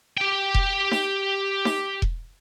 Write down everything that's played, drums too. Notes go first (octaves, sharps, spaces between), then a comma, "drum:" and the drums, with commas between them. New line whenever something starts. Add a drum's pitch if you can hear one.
G4 G5
drum: kick E1
drum: snare D#4
drum: snare D#4
drum: kick E1